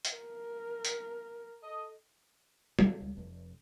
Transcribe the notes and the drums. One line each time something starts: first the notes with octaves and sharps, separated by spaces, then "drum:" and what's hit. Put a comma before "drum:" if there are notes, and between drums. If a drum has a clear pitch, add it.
drum: hi-hat
A#4
drum: hi-hat
A4 D#5
D3, drum: tom
C#2
F1